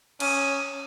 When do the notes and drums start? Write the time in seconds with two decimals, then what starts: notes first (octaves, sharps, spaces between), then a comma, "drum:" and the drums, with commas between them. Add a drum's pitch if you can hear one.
0.20 C#4 D#6, drum: cymbal